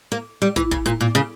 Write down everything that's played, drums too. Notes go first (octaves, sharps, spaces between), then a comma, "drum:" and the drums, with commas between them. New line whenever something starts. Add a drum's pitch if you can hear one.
A#3
G3
E3, drum: kick, hi-hat
C#3, drum: kick
A#2, drum: hi-hat
A#2
C#3